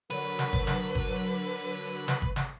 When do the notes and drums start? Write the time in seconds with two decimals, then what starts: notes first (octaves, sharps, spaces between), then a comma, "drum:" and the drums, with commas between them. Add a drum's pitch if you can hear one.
0.11 D3 F#3 A#4 B4
0.39 drum: snare
0.53 drum: kick G1
0.67 drum: snare
0.95 drum: kick G1
2.08 drum: snare
2.22 drum: kick G1
2.36 drum: snare